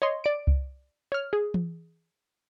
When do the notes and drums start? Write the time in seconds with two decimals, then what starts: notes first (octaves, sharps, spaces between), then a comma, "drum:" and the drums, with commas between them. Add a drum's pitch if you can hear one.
0.02 C#5 D#5 C6
0.24 D5 D7
0.47 drum: kick C2
1.12 C#5 F6
1.33 G#4
1.54 drum: tom E3